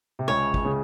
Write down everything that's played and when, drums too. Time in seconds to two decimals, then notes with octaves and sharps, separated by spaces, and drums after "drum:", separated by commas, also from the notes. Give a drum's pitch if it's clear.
0.19 C3
0.28 C#2 C#3 C#5
0.54 drum: kick
0.65 C#3